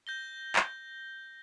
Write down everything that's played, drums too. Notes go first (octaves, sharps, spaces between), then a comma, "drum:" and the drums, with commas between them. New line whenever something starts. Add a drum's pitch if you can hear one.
G6 A#6 G7
drum: clap